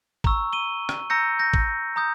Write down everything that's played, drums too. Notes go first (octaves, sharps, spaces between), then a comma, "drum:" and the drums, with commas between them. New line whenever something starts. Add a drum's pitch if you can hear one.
A#5 C#6 E6, drum: kick
D#7 G7
drum: rim click
A#5 E6 G6 A#6 C#7
G6 A#6
drum: kick
A#5 D#6 G6